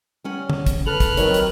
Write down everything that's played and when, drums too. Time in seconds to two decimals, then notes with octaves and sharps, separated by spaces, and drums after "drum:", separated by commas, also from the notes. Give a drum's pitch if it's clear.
0.24 G3 C#4 F#5
0.50 drum: tom D3
0.66 drum: kick, hi-hat
0.87 A4 B4 F6 F#6
1.00 drum: kick, hi-hat
1.17 C3 D#3 F#3 C#5, drum: hi-hat
1.34 drum: hi-hat